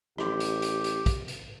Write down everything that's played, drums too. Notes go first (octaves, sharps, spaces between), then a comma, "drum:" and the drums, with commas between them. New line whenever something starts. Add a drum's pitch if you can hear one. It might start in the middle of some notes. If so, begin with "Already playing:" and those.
A1 G4, drum: rim click
drum: hi-hat
drum: hi-hat
drum: hi-hat
drum: kick, hi-hat
drum: hi-hat